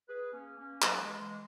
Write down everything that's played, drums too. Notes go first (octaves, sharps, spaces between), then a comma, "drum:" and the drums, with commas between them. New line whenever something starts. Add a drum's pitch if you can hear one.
G#4 B4
A#3 C#4
A#3 C#4
F#3 A#3, drum: clap
E3 G#3
E3 G#3